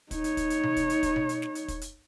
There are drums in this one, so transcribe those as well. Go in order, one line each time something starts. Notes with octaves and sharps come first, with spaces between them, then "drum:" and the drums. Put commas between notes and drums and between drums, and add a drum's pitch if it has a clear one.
D#4 C#5, drum: kick, hi-hat
drum: hi-hat
drum: kick, hi-hat
drum: hi-hat
drum: tom B2
drum: kick, hi-hat
drum: hi-hat
drum: kick, hi-hat
drum: tom B2
drum: hi-hat
drum: snare
drum: hi-hat
drum: kick, hi-hat
drum: hi-hat